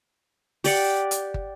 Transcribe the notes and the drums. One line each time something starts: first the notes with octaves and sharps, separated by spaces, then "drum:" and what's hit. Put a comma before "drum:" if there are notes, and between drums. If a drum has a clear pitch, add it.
G4 D5 F#5, drum: open hi-hat
drum: hi-hat
drum: kick